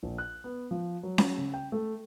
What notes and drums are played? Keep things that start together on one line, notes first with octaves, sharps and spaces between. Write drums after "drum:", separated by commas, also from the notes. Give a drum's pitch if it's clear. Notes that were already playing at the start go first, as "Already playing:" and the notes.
A#1
F#6
B3
F3
F#3
drum: snare C#4
C#3
G5
A3